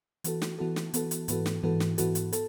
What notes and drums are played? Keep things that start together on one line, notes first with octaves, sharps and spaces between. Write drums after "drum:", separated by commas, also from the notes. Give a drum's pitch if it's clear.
E3 B3 F#4 A4, drum: hi-hat
drum: snare
E3 B3 F#4 A4
drum: snare
E3 B3 F#4 A4, drum: hi-hat
drum: hi-hat
G#2 E3 B3 F#4 A4, drum: hi-hat
drum: snare
G#2 E3 B3 F#4 A4
drum: snare
G#2 E3 B3 F#4 A4, drum: hi-hat
drum: hi-hat
A4, drum: hi-hat